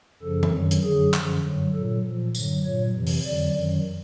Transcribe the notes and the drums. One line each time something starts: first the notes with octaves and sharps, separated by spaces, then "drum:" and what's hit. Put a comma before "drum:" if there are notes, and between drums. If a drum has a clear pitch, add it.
F#2 C#3 F3 A4
drum: tom E3
F#2 D#3 F#3
drum: hi-hat
F#2 D3 F#3 G#4
F#2 D3 F3, drum: clap
G2 D3 F#3
A#2 F#3 A4
A#2 F3
G2 D3 F#3, drum: tambourine
A#2 F#3 C#5
F2 C3 E3
drum: open hi-hat
F2 D3 F#3 D5
F#2 D#3 F#3